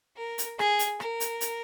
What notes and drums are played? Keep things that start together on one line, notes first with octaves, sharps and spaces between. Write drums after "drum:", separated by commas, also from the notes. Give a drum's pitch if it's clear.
A#4
drum: hi-hat
G#4, drum: rim click
drum: hi-hat
A#4, drum: rim click
drum: hi-hat
drum: hi-hat